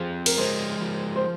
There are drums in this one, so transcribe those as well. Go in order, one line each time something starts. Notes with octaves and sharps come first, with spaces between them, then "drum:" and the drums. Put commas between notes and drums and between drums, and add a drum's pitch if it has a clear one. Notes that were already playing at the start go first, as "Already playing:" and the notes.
Already playing: F3 C4 G#4
A#4, drum: cymbal
G#3 C5
F3
C5